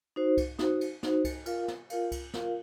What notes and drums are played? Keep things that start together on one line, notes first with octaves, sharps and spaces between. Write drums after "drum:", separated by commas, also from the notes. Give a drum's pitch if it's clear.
D#4 F#4 C5
drum: kick C2, cymbal
D#4 F#4 C5, drum: snare
drum: cymbal
D#4 F#4 C5, drum: snare
drum: kick C2, cymbal
F4 A#4 F5, drum: cymbal
drum: snare
F4 A#4 F5, drum: cymbal
drum: kick C2, cymbal
F4 A#4 F5, drum: snare